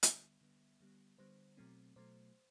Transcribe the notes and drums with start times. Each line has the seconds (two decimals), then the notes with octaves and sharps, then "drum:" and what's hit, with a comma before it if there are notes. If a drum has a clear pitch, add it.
0.03 D3 G3 B3 E5, drum: hi-hat
0.41 D3 G3 B3
0.81 D3 G3 B3
1.18 D3 G3 B3 C5
1.57 B2 F#3 A3 C4
1.96 B2 F#3 A3 C5